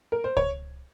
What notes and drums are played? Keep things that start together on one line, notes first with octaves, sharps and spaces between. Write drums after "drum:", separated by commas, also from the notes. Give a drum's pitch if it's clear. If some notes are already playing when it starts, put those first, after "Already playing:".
A#4
C5
C#5, drum: kick C#2